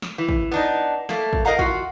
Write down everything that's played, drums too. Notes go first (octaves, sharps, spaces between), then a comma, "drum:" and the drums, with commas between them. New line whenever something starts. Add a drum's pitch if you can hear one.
drum: snare
E3
drum: kick
B3 D4 D#4
A3 A#3, drum: snare
drum: kick
A#4 D#5 F5 F#5 A#5
F4 F#4, drum: kick